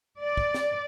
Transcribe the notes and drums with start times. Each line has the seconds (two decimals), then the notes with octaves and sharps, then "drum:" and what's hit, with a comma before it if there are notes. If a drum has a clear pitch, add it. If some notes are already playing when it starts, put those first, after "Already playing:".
0.21 D5
0.37 drum: kick
0.54 drum: snare